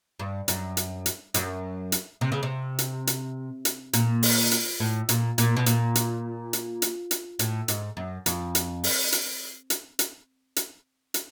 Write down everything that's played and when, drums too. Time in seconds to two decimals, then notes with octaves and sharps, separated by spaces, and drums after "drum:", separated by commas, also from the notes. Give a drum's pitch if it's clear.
0.20 G2
0.48 F#2, drum: hi-hat
0.77 drum: hi-hat
1.06 drum: hi-hat
1.34 F#2, drum: hi-hat
1.92 drum: hi-hat
2.21 C3
2.32 C#3
2.43 C3
2.79 drum: hi-hat
3.07 drum: hi-hat
3.65 drum: hi-hat
3.93 A#2, drum: hi-hat
4.23 drum: open hi-hat
4.51 drum: hi-hat
4.80 A2
5.09 A#2, drum: hi-hat
5.38 A#2, drum: hi-hat
5.56 B2
5.66 A#2, drum: hi-hat
5.95 drum: hi-hat
6.53 drum: hi-hat
6.82 drum: hi-hat
7.11 drum: hi-hat
7.39 A2, drum: hi-hat
7.68 G#2, drum: hi-hat
7.97 F#2
8.26 F2, drum: hi-hat
8.55 drum: hi-hat
8.84 drum: open hi-hat
9.12 drum: hi-hat
9.70 drum: hi-hat
9.99 drum: hi-hat
10.56 drum: hi-hat
11.14 drum: hi-hat